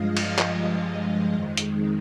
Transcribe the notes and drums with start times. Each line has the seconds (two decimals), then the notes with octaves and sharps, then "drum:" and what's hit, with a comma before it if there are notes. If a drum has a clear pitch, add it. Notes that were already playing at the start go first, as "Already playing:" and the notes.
Already playing: G2 F3 G#3 D#5 F5
0.17 drum: cymbal
0.38 F5, drum: clap
1.33 F2 D#3 G#3
1.57 drum: hi-hat